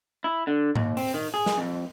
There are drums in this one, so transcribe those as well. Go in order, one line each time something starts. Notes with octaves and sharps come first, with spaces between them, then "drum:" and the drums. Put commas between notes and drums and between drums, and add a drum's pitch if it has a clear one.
E4
D3
D#2, drum: tom G#2
C4, drum: open hi-hat
D#3
G#4
drum: snare
F2